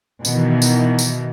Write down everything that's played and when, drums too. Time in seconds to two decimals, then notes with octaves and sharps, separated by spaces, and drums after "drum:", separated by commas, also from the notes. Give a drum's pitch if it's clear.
0.25 B2 D#3 E3, drum: tambourine
0.62 drum: tambourine
0.99 drum: tambourine